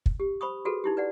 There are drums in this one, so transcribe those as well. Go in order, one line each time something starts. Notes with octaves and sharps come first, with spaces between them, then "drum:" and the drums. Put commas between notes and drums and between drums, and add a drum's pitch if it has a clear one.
drum: kick
G4
C5 B5 C#6 D#6
F4 F#4 G#4 A4 B4
D#4 E4 G4
B4 D5 F#5